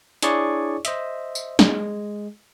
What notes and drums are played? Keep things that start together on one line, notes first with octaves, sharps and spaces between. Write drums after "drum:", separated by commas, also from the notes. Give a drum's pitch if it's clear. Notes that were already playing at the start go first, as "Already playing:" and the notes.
D4 E4 G#4 C#5 D5 C#6, drum: hi-hat
C5 D#5 E5, drum: hi-hat
drum: tambourine
G#3, drum: snare